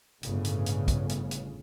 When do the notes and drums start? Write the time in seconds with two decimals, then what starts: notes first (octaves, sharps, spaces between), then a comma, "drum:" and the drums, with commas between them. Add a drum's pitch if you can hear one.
0.23 G1 A2 C#3, drum: hi-hat
0.45 drum: hi-hat
0.66 drum: hi-hat
0.88 drum: kick, hi-hat
1.09 drum: hi-hat
1.31 drum: hi-hat